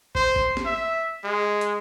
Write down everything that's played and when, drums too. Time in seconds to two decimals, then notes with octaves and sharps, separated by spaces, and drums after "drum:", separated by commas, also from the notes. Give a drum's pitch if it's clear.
0.15 C5, drum: kick
0.36 drum: kick
0.57 drum: snare
0.66 E5
1.24 G#3
1.61 drum: hi-hat